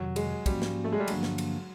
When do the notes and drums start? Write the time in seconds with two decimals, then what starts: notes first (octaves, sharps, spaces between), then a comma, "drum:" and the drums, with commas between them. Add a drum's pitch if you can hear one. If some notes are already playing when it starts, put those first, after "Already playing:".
Already playing: F2 C3 D#3 F#3
0.16 G#3, drum: cymbal
0.46 G#2 F3 G3 A#3 C#4 F#4, drum: kick, cymbal
0.62 drum: snare
0.84 A3
0.92 G#3
1.00 G3
1.08 G2 D3 F3 F#3 A#3 D4, drum: cymbal
1.23 drum: snare
1.38 drum: cymbal